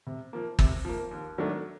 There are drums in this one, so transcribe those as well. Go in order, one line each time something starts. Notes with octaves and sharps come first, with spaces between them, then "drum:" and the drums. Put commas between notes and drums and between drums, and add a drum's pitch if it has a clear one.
C3
F3 A#3
C3, drum: kick G1
F3 A#3
D#2
D#3 F#3 A3 D4